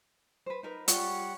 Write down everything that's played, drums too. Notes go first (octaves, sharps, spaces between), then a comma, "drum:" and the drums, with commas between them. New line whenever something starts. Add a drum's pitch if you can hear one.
B4 C5
D#4 A#4 B4
G3 F4 C#5 F#5, drum: hi-hat